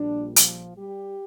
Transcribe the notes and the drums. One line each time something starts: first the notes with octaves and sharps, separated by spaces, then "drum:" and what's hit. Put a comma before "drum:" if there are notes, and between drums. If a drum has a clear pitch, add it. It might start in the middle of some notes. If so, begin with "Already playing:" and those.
Already playing: A#1 A#2 G3 D4
F3 F4, drum: hi-hat
G3 G4